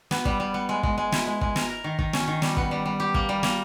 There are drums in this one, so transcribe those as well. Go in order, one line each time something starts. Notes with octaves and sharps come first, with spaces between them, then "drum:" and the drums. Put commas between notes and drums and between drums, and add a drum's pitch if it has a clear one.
B3, drum: snare
G3, drum: kick
G3
B3
G#3
G#3, drum: kick
G#3
E4, drum: snare
G#3
G#3, drum: kick
A#4, drum: snare
A#4
D#3
D#3, drum: kick
C#4, drum: snare
D#3
G3, drum: snare
B3, drum: kick
G3
G3
G4
A#3, drum: kick
G3
A#3, drum: snare